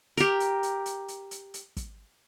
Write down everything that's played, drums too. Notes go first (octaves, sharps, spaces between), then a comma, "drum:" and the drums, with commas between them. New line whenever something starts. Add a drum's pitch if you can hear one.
G4 A#4, drum: hi-hat
drum: hi-hat
drum: hi-hat
drum: hi-hat
drum: hi-hat
drum: hi-hat
drum: hi-hat
drum: kick, hi-hat